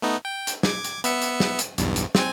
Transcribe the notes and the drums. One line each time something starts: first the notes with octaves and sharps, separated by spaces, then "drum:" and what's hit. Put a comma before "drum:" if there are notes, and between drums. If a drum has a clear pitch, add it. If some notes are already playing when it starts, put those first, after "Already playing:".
A3 B3 D#4
G5
drum: hi-hat
D6 G#6, drum: snare
drum: hi-hat
B3 E5 C#7, drum: hi-hat
drum: hi-hat
drum: snare
drum: hi-hat
B1 E2 G2, drum: hi-hat
drum: hi-hat
C4 G#5, drum: snare